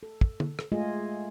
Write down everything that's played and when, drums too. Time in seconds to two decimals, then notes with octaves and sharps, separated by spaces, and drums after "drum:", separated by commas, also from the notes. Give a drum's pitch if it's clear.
0.03 A4
0.21 drum: kick
0.40 drum: tom
0.59 drum: rim click
0.72 G#3 A3 F4 G#4 D#5